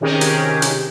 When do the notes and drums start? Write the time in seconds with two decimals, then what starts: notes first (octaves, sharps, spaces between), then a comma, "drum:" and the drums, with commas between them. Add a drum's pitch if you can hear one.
0.01 C3 D#3 C#4 G4 G#4 A#4
0.21 drum: hi-hat
0.62 drum: hi-hat